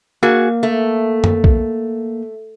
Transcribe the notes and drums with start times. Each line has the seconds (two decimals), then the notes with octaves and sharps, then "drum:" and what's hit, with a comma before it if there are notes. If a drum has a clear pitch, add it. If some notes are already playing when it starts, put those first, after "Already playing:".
0.23 A#3 F#4 G#4
0.63 A3
1.24 drum: tom F#2
1.44 drum: kick B1